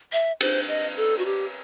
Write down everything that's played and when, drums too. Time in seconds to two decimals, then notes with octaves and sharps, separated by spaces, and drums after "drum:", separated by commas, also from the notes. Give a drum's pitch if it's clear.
0.12 E5
0.41 C5, drum: cymbal
0.68 D#5
0.97 A4
1.19 F#4
1.25 G4